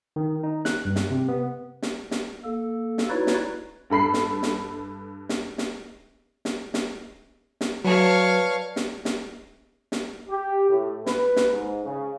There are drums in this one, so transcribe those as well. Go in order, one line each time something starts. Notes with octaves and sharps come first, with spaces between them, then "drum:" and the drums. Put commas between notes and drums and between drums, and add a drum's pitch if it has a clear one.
D#3
D#4
F#6, drum: snare
G2
drum: snare
C3
B3
drum: snare
drum: snare
A#3 A4
drum: snare
D#4 E4 F#4 B4 C#5 D5
drum: snare
G2 A4 B5 C7
drum: snare
drum: snare
drum: snare
drum: snare
drum: snare
drum: snare
drum: snare
F#3 B4 C#5 D5 F5 A5
drum: snare
drum: snare
drum: snare
G4
A2
B4, drum: snare
drum: snare
G#2
C#3